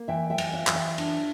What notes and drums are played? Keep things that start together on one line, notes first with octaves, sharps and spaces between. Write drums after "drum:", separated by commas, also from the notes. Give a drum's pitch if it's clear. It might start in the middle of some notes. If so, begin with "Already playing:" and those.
Already playing: A#3
E3 E5 G5
E5 G5
E3, drum: cymbal
D5 F5
E3 F5, drum: clap
E5 G5
D4, drum: cymbal